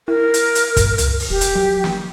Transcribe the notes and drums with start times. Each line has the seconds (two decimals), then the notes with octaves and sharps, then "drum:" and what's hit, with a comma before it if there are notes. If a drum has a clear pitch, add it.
0.08 E4 A#4
0.34 drum: hi-hat
0.55 drum: hi-hat
0.77 G2, drum: kick, hi-hat
0.98 C#2, drum: hi-hat
1.19 drum: open hi-hat
1.30 E1 G4
1.41 drum: hi-hat
1.56 F#3
1.84 drum: snare